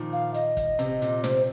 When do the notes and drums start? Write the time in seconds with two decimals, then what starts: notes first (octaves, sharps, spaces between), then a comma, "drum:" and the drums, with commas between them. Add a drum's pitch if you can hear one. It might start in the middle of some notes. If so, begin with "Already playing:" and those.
Already playing: A#2 D#3 F3
0.13 F5
0.34 D#5, drum: hi-hat
0.57 drum: kick, hi-hat
0.79 C3, drum: hi-hat
1.02 A#2, drum: hi-hat
1.24 C3 C5, drum: snare